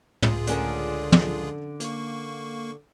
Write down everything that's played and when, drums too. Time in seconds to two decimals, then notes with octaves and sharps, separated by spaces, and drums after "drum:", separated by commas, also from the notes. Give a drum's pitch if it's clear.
0.22 C#2 F4 G#4, drum: tom
0.47 D3 C#4 A#4, drum: hi-hat
1.12 drum: tom
1.80 A#3 C#6, drum: hi-hat